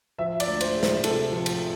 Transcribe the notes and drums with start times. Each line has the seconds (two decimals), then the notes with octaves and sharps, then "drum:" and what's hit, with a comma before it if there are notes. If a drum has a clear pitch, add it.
0.18 F3 E5
0.40 D5, drum: cymbal
0.47 D2
0.61 C5, drum: cymbal
0.75 G#3
0.83 C5, drum: snare
1.04 C3 A4, drum: cymbal
1.32 F3
1.46 drum: cymbal